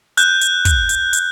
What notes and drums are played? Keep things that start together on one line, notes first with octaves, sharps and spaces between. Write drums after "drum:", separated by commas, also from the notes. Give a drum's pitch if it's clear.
F#6 G6, drum: hi-hat
drum: hi-hat
drum: kick, hi-hat
drum: hi-hat
drum: hi-hat